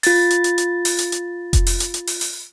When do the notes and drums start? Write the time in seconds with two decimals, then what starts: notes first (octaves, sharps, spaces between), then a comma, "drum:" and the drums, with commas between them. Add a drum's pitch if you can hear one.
0.03 F4 A6, drum: open hi-hat
0.30 drum: hi-hat
0.44 drum: hi-hat
0.58 drum: hi-hat
0.85 drum: open hi-hat
0.99 drum: hi-hat
1.12 drum: hi-hat
1.53 drum: kick F1, hi-hat
1.67 drum: open hi-hat
1.80 drum: hi-hat
1.94 drum: hi-hat
2.07 drum: open hi-hat
2.21 drum: open hi-hat